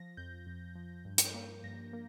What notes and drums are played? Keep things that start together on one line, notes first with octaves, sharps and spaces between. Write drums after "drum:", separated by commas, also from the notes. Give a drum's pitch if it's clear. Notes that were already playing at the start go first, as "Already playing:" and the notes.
Already playing: F3 A#6
F2 G6
F2
F3
G2
drum: hi-hat
A#3
G2 A#6
A#3